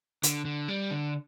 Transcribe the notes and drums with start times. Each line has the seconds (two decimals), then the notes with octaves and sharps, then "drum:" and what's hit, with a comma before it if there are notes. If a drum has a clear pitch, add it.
0.23 D3, drum: hi-hat
0.45 D3
0.68 G3
0.91 D3